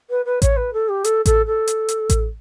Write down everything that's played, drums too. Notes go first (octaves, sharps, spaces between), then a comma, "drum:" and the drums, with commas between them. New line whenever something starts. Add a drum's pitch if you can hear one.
B4
B4
C#5, drum: kick A1, hi-hat
B4
A4
G4
A4, drum: hi-hat
A4, drum: kick A1, hi-hat
A4
drum: hi-hat
drum: hi-hat
drum: kick A1, hi-hat